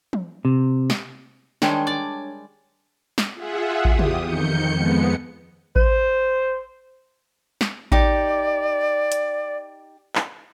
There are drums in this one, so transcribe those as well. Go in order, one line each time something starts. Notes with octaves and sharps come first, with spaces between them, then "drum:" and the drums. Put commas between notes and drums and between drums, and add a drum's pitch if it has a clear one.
drum: tom
C3
drum: snare
D#3 G3 G#3 D4 C#5, drum: snare
D5
drum: snare
F4 G#4 E5 F#5
E2 G4 D#6, drum: kick A1
drum: tom
F2 D#3 G6 C#7
F2 G#3 B3 C#7
C5, drum: kick A1
drum: snare
D#4 G4 D5 D6, drum: kick A1
drum: hi-hat
drum: clap